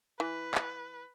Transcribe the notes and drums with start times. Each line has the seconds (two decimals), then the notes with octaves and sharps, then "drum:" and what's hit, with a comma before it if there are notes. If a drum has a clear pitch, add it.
0.20 E3 B4
0.55 drum: clap